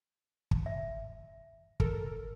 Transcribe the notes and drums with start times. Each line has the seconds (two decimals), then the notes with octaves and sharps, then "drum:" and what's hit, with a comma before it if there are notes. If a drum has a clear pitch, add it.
0.51 drum: kick
0.66 E5
1.80 A4 A#4, drum: kick